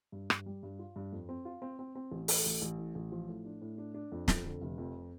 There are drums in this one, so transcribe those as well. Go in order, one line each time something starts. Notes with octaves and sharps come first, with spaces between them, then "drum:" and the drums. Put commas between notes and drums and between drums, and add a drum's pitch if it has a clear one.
G2
G2, drum: rim click
G3
G2
F4
G2
F2
C4
F4
C4
C4
C4
A1
A3, drum: open hi-hat
A1
A1
A2
A1
F3
A2
D4
A2
D4
D4
F2
F2, drum: snare
D3
F1
F2